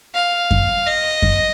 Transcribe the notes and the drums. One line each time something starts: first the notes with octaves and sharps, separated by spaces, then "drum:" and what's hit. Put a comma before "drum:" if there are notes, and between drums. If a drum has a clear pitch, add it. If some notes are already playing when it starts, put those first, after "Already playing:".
F5
drum: kick F#2
D#5
drum: kick F#2